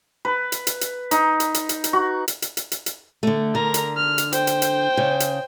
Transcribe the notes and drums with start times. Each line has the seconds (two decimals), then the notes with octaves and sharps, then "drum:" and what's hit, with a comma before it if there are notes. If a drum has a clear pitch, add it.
0.25 B4
0.52 drum: hi-hat
0.67 drum: hi-hat
0.81 drum: hi-hat
1.11 D#4, drum: hi-hat
1.40 drum: hi-hat
1.54 drum: hi-hat
1.69 drum: hi-hat
1.84 drum: hi-hat
1.93 F#4
2.28 drum: hi-hat
2.42 drum: hi-hat
2.57 drum: hi-hat
2.72 drum: hi-hat
2.86 drum: hi-hat
3.23 D3 A3
3.55 D3 A#4 A#5
3.74 drum: hi-hat
3.97 F6
4.18 drum: hi-hat
4.32 C5 G5, drum: hi-hat
4.47 drum: hi-hat
4.62 drum: hi-hat
4.97 C#3
5.20 drum: hi-hat